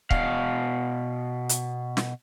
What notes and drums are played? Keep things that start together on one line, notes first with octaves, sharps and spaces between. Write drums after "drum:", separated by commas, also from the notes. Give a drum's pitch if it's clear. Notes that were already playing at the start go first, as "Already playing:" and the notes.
B2 F5, drum: kick C#1
drum: hi-hat
drum: snare